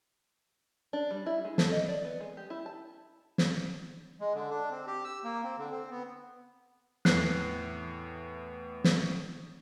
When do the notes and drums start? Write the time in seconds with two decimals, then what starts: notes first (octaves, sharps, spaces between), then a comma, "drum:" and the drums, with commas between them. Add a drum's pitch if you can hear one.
0.93 D4
1.11 G3
1.26 E4
1.45 G#3
1.58 A4, drum: snare
1.72 D#5
1.89 D5
2.05 B3
2.21 G#3
2.37 G4
2.50 E4
2.66 A5
3.38 drum: snare
4.20 G#3
4.34 D3
4.50 D4
4.71 C4
4.87 G4
5.04 E6
5.24 A#3
5.43 C4
5.58 D3
5.71 C4
5.91 B3
7.05 E2 A2 F#6 C7, drum: snare
8.84 drum: snare